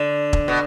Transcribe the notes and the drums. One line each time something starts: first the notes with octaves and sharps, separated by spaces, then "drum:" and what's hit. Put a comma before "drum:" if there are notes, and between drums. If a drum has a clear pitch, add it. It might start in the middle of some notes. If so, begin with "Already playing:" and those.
Already playing: D3
drum: kick E1
B2